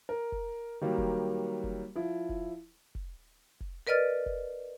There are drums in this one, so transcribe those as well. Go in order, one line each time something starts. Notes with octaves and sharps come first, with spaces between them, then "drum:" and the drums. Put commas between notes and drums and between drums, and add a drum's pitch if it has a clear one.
A#4
drum: kick
D#3 F#3 G3 A#3
drum: kick
drum: kick
F3 E4
drum: kick
drum: kick
drum: kick
A#4 B4 D5 D#5 F6 A6
drum: kick